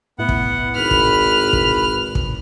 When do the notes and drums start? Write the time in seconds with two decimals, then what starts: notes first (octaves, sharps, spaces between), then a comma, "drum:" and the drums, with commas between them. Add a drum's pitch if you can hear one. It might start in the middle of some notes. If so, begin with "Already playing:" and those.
0.19 A2 B3 E4 F#5
0.29 drum: kick
0.75 G#1 B4 B5 F6
0.91 drum: kick
1.53 drum: kick
2.15 drum: kick